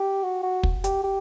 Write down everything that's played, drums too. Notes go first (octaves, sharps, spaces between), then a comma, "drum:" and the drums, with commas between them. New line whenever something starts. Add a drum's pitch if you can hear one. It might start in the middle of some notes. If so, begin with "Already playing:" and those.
Already playing: G4
F#4
F#4
drum: kick
G4, drum: hi-hat
G4